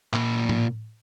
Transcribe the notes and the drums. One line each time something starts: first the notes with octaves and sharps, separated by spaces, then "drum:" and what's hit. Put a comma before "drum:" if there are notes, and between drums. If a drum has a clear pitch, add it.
A#2 B5, drum: clap
drum: tom A2